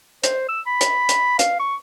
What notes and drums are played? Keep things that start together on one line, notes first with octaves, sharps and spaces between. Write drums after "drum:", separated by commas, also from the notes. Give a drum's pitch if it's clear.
C5, drum: hi-hat
E6
B5
drum: hi-hat
drum: hi-hat
F5, drum: hi-hat
C#6